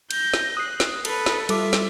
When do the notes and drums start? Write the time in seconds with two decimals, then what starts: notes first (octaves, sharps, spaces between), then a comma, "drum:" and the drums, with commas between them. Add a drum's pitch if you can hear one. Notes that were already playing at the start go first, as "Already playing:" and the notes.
0.11 G6 A#6, drum: cymbal
0.34 drum: snare
0.57 D#6 F#6 C7
0.80 drum: snare
1.05 A4 B4, drum: cymbal
1.26 drum: snare
1.49 G3 F4 A4 E5 D6, drum: cymbal
1.73 drum: snare